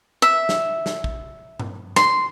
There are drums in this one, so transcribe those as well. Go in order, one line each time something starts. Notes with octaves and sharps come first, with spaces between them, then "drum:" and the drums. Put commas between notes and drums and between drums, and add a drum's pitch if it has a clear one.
E5
drum: snare
drum: snare
drum: kick
drum: tom G2
C6, drum: snare